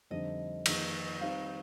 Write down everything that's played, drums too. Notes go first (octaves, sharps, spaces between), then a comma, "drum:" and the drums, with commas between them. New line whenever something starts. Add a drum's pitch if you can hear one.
F2 D3 G3 C4 D#4 D#5
F2 D#3 A#3 D#4, drum: cymbal
D#3 G3 C4 D#4 F5